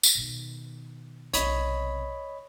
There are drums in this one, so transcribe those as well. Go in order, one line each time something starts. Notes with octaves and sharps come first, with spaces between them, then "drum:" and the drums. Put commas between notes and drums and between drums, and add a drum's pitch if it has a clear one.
drum: tambourine
B2 D#3
B1 C3 C#5 D#5 B5, drum: hi-hat